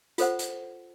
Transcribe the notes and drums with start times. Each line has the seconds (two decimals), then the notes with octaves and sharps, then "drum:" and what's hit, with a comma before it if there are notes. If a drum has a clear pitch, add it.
0.18 F4 A4 C5 F#5, drum: hi-hat
0.39 drum: hi-hat